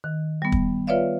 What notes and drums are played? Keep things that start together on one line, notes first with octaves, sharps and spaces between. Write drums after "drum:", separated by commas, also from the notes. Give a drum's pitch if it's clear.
D#3
G3 B3
drum: kick
F4 B4 C#5 D5 E5 F5